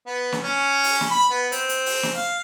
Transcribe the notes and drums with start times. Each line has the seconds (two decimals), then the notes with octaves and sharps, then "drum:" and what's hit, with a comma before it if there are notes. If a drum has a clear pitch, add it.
0.06 B3
0.32 drum: snare
0.43 C#4
0.84 drum: open hi-hat
1.01 drum: snare
1.11 B5
1.31 B3
1.52 C4, drum: hi-hat
1.69 drum: hi-hat
1.86 drum: open hi-hat
2.03 drum: snare
2.15 F5